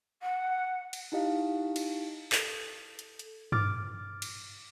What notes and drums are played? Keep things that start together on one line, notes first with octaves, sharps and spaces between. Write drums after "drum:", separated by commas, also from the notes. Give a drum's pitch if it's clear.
F#5
drum: cymbal
D#4 E4 G4 D#5 F5
drum: cymbal
A4, drum: clap
drum: hi-hat
drum: hi-hat
D6 F6 A6, drum: tom G2
drum: cymbal